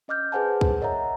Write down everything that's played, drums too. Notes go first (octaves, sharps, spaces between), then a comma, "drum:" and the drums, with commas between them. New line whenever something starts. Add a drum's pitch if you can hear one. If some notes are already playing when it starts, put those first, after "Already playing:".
C#4 D#5 D6 F6 G6
G#4 B4 C5 F#5 G#5 A5
drum: kick
A#4 C#5 D#5 E5 F#5 A#5